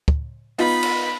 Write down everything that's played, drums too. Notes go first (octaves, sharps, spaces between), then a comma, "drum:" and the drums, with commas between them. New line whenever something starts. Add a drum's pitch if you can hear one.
drum: kick
B3 D#4 F4 B5, drum: open hi-hat
drum: cymbal